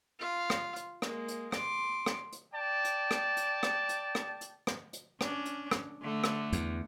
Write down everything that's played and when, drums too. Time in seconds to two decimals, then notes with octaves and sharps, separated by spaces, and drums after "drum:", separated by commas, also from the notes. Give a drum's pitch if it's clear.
0.19 F4 F5
0.50 drum: rim click
0.76 drum: hi-hat
1.02 G#3 A#3, drum: rim click
1.28 drum: hi-hat
1.52 C6 D6, drum: rim click
2.06 drum: rim click
2.32 drum: hi-hat
2.53 D5 G5 A5
2.85 drum: hi-hat
3.11 drum: rim click
3.37 drum: hi-hat
3.63 drum: rim click
3.89 drum: hi-hat
4.15 drum: rim click
4.41 drum: hi-hat
4.67 drum: rim click
4.93 drum: hi-hat
5.21 C#4 D4, drum: rim click
5.45 drum: hi-hat
5.71 drum: rim click
6.02 D3 A3
6.24 drum: rim click
6.52 E2, drum: hi-hat